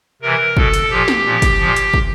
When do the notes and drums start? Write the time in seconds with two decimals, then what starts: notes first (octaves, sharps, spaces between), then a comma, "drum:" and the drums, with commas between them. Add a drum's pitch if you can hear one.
0.22 C3 E3 A#4
0.57 B2 A4, drum: kick
0.74 drum: hi-hat
0.90 A#2 F3 G4
1.08 drum: snare
1.24 A#2 F3
1.42 drum: kick, hi-hat
1.59 A#2 F3
1.76 drum: hi-hat
1.94 drum: kick